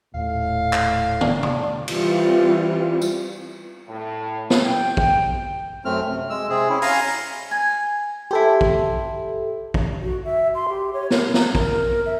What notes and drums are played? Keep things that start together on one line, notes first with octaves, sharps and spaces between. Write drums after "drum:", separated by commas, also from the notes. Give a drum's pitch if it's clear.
D#1 A2 F5
drum: clap
D4, drum: tom
drum: tom C3
E3 G3 C4 F4, drum: cymbal
drum: tambourine
A2
drum: snare
G5
drum: kick
F#2 A3 C4 F6
C3
G#3 E6
C3 C4 G#4
C#4 E4
F5 G#5 A#5 C6, drum: open hi-hat
G#5
E4 G4 A4 C5
drum: kick
drum: kick
F#4
E5
C6
G4
C#5
A#4, drum: snare
A#5, drum: snare
A#4, drum: kick
E5